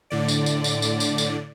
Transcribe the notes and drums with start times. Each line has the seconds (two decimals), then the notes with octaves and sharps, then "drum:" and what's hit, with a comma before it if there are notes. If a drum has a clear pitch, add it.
0.10 A2 D3 D5
0.28 drum: tambourine
0.46 drum: tambourine
0.64 drum: tambourine
0.82 drum: tambourine
1.00 drum: tambourine
1.18 drum: tambourine